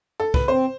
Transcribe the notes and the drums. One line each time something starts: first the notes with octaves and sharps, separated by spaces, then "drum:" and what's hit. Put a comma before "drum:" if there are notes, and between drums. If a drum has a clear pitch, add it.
A4
B4, drum: kick C2
C4 C5